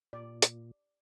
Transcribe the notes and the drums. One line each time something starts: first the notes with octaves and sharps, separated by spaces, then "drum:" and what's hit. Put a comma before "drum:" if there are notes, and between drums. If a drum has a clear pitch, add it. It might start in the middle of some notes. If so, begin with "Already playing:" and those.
A#2 D5
drum: hi-hat